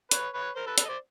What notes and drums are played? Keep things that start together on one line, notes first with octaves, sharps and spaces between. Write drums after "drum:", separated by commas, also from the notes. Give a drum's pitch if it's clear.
B4 C#5, drum: hi-hat
B4 C#5
A#4 C5
A4 B4
A4 B4, drum: hi-hat
D#5
C5 D5